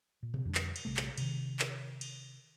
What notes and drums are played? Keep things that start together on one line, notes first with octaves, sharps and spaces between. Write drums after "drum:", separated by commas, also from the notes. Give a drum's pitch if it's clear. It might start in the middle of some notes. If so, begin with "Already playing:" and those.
A#2
drum: tom B2
F2 D3 G3 D4
drum: clap
drum: cymbal
A#1 C3 G3 A3
drum: clap
C3 D#3, drum: cymbal
drum: clap
drum: cymbal